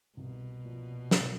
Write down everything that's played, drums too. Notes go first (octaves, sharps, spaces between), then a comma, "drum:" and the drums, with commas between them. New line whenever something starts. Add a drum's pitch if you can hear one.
C2 B2
A#2 F3
C2, drum: snare